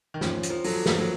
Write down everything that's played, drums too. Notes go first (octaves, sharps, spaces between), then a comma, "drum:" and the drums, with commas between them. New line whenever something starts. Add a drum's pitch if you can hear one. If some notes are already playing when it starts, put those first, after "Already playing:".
D#3
F3 C#4, drum: snare
D#3, drum: hi-hat
F3
F#3 A4, drum: open hi-hat
F3 A#3, drum: snare
F#3